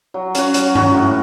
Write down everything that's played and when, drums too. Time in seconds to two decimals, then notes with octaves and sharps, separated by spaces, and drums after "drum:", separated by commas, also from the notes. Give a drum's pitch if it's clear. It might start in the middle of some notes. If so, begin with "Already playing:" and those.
0.14 F#3
0.35 C#4 F#4, drum: hi-hat
0.54 F#3, drum: hi-hat
0.75 C#4 F#4, drum: tom
0.95 A2